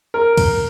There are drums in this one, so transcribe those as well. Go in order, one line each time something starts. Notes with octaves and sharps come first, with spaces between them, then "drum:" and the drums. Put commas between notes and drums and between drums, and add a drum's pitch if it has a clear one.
A#4
drum: kick, cymbal